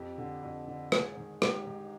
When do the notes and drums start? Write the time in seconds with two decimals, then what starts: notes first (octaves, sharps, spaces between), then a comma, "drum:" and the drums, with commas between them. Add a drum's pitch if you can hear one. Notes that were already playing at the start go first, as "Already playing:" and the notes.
Already playing: F2 G4
0.18 D3
0.43 F2
0.67 D3
0.92 G#2 G#4, drum: rim click
1.17 D#3
1.42 G#2 G4, drum: rim click
1.67 D#3 D#4